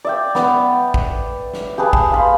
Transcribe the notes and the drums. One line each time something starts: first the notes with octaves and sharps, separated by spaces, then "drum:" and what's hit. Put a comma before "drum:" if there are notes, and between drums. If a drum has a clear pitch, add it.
D5 E5 G5
B3 D5, drum: snare
drum: kick
drum: snare
G4 G#4 B4 A5
drum: kick
F5 B5 C6